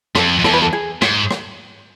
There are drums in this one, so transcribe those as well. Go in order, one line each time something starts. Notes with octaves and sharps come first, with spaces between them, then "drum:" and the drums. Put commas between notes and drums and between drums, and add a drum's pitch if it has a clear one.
F2 A4, drum: rim click
F2
E2 A4, drum: rim click
B4
A4
G#4
G#2, drum: rim click
drum: rim click